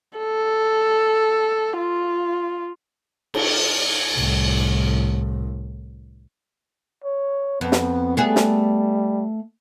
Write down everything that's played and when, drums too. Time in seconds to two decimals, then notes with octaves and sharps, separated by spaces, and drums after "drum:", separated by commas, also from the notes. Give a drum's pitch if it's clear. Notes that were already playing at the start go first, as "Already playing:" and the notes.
0.18 A4
1.77 F4
3.34 drum: cymbal
4.14 C2 A2
7.05 C#5
7.61 F2 B3
7.72 drum: snare
8.17 G3 A3 B3 G#4
8.36 drum: snare